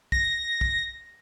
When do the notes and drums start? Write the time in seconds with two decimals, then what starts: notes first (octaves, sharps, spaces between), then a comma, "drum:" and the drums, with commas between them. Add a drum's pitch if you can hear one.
0.12 A#6, drum: kick
0.61 drum: kick